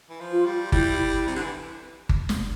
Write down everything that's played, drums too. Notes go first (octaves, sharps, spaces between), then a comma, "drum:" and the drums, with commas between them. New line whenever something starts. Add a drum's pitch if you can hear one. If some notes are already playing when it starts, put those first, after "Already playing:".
E3
F3
F4
G3
G3 E4, drum: kick G1
C3
D3
E3
drum: kick G1
drum: snare